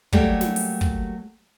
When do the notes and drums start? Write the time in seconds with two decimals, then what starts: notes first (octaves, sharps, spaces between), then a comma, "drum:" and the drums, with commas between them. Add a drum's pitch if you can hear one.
0.13 F#3 G3 A3 A#3 G4 G5, drum: kick
0.41 drum: snare
0.56 drum: open hi-hat
0.81 drum: kick